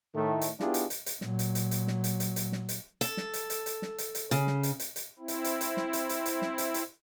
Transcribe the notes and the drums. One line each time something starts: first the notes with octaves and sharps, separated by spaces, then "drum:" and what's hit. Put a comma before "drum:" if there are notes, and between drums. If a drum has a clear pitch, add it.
A2 D#3 A3
drum: hi-hat
B3 D4 E4 F4 G4 G#4, drum: snare
drum: hi-hat
drum: hi-hat
drum: hi-hat
A#2 F#3, drum: snare
drum: hi-hat
drum: hi-hat
drum: hi-hat
drum: snare
drum: hi-hat
drum: hi-hat
drum: hi-hat
drum: snare
drum: hi-hat
A4, drum: hi-hat
drum: snare
drum: hi-hat
drum: hi-hat
drum: hi-hat
drum: snare
drum: hi-hat
drum: hi-hat
C#3, drum: hi-hat
drum: snare
drum: hi-hat
drum: hi-hat
drum: hi-hat
C4 E4
drum: hi-hat
drum: hi-hat
drum: hi-hat
drum: snare
drum: hi-hat
drum: hi-hat
drum: hi-hat
drum: snare
drum: hi-hat
drum: hi-hat